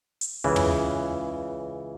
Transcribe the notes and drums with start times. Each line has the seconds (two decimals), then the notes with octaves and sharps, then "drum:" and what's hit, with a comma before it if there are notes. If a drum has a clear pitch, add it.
0.21 drum: hi-hat
0.44 C#2 C#3 E3
0.56 drum: tom